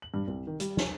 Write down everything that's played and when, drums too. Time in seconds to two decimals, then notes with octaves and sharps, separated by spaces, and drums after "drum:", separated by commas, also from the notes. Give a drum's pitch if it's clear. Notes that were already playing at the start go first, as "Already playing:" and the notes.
0.02 F#7
0.14 G2
0.28 C2
0.47 D#3
0.60 G3, drum: hi-hat
0.77 G#5, drum: snare